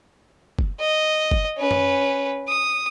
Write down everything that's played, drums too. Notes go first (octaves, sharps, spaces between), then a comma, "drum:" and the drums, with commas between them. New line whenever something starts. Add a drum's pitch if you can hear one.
drum: kick
D#5
drum: kick
C#4 B4
drum: tom F#2
D#6